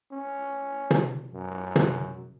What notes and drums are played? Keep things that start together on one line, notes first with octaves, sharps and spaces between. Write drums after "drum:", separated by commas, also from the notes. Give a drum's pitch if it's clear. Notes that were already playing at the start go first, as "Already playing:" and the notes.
C#4
drum: tom
F#2
drum: tom